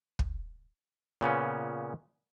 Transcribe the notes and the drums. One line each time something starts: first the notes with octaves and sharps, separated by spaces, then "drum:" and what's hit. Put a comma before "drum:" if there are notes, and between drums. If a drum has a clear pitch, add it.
drum: kick
A#2 C#3 B3 C#4